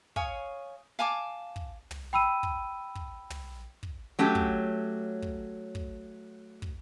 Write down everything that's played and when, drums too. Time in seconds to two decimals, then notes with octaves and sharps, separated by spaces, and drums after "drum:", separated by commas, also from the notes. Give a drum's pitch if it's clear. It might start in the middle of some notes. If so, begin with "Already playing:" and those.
0.16 C#5 F5 G#5 D#6, drum: kick
0.99 F5 G#5 A5 D6
1.56 drum: kick
1.91 drum: tom
2.13 G5 B5 E6 D#7
2.43 drum: kick
2.95 drum: kick
3.30 drum: tom
3.83 drum: kick
4.19 F#3 A3 C#4 G4
4.35 drum: kick
5.22 drum: kick
5.75 drum: kick
6.62 drum: kick